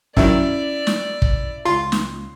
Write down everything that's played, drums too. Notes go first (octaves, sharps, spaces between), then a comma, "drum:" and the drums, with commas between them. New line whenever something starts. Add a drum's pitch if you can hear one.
F#2 D#3 F#3 C#4 E4 D5 E5, drum: kick
drum: snare
drum: kick
C#2 F4 F5 C6
drum: snare